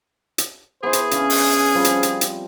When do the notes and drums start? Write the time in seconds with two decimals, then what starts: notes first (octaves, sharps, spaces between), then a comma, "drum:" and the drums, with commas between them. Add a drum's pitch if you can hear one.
0.38 drum: hi-hat
0.83 E3 B3 G#4 C5
0.93 drum: hi-hat
1.11 C#3 C#4 D4 C#6, drum: hi-hat
1.30 drum: open hi-hat
1.75 F3 G3 C4
1.85 drum: hi-hat
2.03 drum: hi-hat
2.21 drum: hi-hat